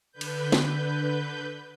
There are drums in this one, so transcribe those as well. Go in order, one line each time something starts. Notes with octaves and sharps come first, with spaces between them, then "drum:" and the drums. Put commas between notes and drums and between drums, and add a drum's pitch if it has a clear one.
D3 B4 G6
drum: cymbal
drum: snare